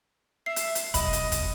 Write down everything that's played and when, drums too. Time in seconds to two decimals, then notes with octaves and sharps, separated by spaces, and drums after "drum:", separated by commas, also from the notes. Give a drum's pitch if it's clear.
0.46 E5 C7
0.56 drum: hi-hat
0.75 drum: hi-hat
0.94 B1 D#5 B5, drum: kick, hi-hat
1.13 drum: hi-hat
1.32 drum: kick, hi-hat